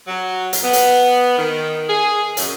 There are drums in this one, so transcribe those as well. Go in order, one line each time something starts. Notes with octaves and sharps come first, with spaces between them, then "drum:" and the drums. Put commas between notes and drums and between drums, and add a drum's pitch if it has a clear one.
F#3
drum: hi-hat
B3
drum: hi-hat
D#3
G#4
F#2, drum: hi-hat